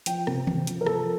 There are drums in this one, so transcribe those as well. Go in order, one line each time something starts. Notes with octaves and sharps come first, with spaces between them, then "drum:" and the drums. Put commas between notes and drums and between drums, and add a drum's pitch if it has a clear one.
F3 G5, drum: hi-hat
C3, drum: rim click
C3, drum: tom D#3
F3, drum: hi-hat
A#4
F3 A4, drum: rim click